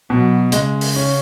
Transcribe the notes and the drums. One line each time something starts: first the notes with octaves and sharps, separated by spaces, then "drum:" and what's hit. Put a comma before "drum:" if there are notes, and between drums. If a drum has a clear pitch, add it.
B2 F#3
C#3 G#3, drum: hi-hat
drum: open hi-hat
C#4